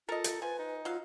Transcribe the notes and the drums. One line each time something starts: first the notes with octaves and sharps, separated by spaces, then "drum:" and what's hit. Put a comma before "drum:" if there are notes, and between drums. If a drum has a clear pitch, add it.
F4 A4 A#4 D#5
drum: hi-hat
F3 B4 G#5
D#4
F#3 F4 F5